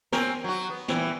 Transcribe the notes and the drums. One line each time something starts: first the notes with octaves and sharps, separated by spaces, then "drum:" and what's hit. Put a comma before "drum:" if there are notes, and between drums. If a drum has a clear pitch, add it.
C4 C#4 A#4, drum: snare
F#3 F#4
B3
A#2 E3 G3, drum: snare